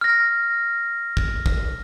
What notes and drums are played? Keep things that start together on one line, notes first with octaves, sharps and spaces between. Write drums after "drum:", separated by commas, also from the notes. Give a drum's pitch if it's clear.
F6 A#6
drum: kick
drum: kick